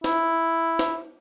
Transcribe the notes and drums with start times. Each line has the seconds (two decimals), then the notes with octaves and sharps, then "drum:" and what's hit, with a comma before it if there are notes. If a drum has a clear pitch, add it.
0.04 E4, drum: snare
0.79 drum: snare